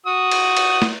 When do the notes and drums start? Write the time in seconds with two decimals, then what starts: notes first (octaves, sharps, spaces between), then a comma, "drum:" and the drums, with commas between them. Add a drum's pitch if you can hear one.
0.06 F#4 D#6
0.31 drum: cymbal
0.57 drum: cymbal
0.82 drum: snare